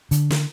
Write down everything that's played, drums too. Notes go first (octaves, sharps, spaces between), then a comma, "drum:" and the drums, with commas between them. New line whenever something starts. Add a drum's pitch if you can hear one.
D3, drum: hi-hat
drum: snare